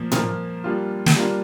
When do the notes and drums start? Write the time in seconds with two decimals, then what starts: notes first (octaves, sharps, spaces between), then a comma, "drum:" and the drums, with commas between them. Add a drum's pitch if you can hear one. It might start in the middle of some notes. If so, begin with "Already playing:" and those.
Already playing: A#2 F3 A#3
0.12 A#2 F3 A#3, drum: tom A2
0.64 G3 A#3 D4 F4
1.06 drum: snare
1.16 G3 A#3 D4 F4